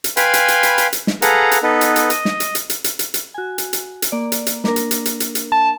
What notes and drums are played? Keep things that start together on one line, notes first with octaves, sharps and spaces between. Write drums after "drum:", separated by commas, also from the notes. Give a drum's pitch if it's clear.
drum: hi-hat
B4 F5 G5 G#5 B5 C6, drum: hi-hat
drum: hi-hat
drum: hi-hat
drum: hi-hat
drum: hi-hat
drum: hi-hat
drum: snare
G#4 A4 B4 F5 F#5 A#5, drum: hi-hat
drum: hi-hat
B3 D#4 A4 B4
drum: hi-hat
drum: hi-hat
D#5, drum: hi-hat
drum: snare
drum: hi-hat
drum: hi-hat
drum: hi-hat
drum: hi-hat
drum: hi-hat
drum: hi-hat
F#4 G#5
drum: hi-hat
drum: hi-hat
drum: hi-hat
A#3 D5
drum: hi-hat
drum: hi-hat
A#3 D4 A#4, drum: snare
drum: hi-hat
drum: hi-hat
drum: hi-hat
drum: hi-hat
drum: hi-hat
A5